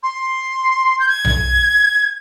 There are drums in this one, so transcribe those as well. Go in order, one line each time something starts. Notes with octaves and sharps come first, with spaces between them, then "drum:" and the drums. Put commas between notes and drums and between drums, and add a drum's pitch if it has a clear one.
C6
G6
G#6
drum: tom B1